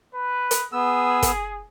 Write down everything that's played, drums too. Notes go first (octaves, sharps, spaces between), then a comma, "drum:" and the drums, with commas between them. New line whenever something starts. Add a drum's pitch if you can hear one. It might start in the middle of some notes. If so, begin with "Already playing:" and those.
B4
drum: hi-hat
B3 G#4 E6
drum: kick, hi-hat